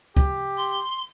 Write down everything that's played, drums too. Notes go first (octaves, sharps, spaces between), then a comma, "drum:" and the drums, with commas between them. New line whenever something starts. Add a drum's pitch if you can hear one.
G4, drum: kick
C6